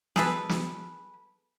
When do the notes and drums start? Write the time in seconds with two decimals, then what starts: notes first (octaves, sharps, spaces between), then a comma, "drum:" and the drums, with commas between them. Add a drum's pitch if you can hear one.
0.16 G#4 A4 B4, drum: snare
0.49 drum: snare